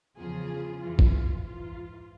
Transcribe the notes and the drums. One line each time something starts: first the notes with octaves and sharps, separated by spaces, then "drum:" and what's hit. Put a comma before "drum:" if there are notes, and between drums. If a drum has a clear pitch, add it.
E2 C#3 F3 F4 G#4
F2 E3 F4
drum: kick
G#2 E3 F4